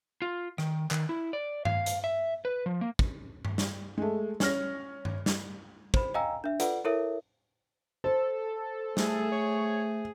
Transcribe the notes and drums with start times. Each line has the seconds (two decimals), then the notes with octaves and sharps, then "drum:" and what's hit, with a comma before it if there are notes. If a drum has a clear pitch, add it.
0.22 F4
0.58 D#3, drum: rim click
0.91 D#3, drum: clap
1.09 E4
1.33 D5
1.65 F5, drum: tom G2
1.86 drum: hi-hat
2.04 E5
2.45 B4
2.66 F3
2.81 A#3
2.99 drum: kick
3.45 drum: tom G2
3.58 drum: snare
3.98 G#3 A3
4.40 C#4 F6 A#6, drum: snare
5.05 drum: tom G2
5.26 drum: snare
5.94 C5 B5, drum: kick
6.14 D#5 F5 G5 G#5 A#5 E6
6.44 D4 E5
6.60 F4 A4 B4 D5 F#5, drum: hi-hat
6.84 E4 A4 A#4 C#5 E5
8.04 A4 C5
8.97 A3 G#4, drum: snare
9.32 C#5